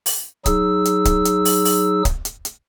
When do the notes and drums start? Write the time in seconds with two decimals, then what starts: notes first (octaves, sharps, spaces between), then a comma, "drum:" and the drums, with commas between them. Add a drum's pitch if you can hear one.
0.06 drum: open hi-hat
0.46 F#3 D#4 G#4 E6, drum: kick C#1, hi-hat
0.85 drum: hi-hat
1.05 drum: kick C#1, hi-hat
1.25 drum: hi-hat
1.45 drum: open hi-hat
1.65 drum: open hi-hat
2.05 drum: kick C#1, hi-hat
2.25 drum: hi-hat
2.45 drum: hi-hat